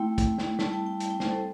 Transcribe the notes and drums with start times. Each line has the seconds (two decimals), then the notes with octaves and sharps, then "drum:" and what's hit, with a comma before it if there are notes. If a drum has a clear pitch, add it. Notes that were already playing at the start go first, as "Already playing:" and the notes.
Already playing: A3 C4 E4 G5
0.18 drum: kick, hi-hat
0.38 drum: snare
0.59 G3 C4 E4 A5, drum: snare
0.73 G5
0.86 G5
1.00 A5, drum: hi-hat
1.10 G5
1.20 C5, drum: snare
1.31 A4